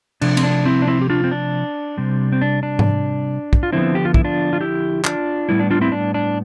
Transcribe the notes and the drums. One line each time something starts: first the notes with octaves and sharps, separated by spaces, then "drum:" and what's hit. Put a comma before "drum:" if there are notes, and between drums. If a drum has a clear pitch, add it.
C3 F3 A3 C4 D4, drum: cymbal
C4, drum: cymbal
D4
C4 E4
D4
C4 E4
G4
D4 F4
C4
D4
C3 G3 C4
C4
D4
D4
drum: tom G#2
drum: kick
F4
D3 F3 B3 C4 E4
G4
F4
E4, drum: kick
D4 F4
F4
E4 G4
D4 F4, drum: clap
A2 G3 B3 E4
D4
D4 F4
C4 E4
D4
D4